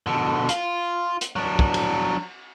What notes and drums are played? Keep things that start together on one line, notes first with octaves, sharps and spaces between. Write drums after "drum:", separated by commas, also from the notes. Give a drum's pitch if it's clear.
B2 D3
F4, drum: hi-hat
drum: hi-hat
F#3 D4
drum: kick
drum: cymbal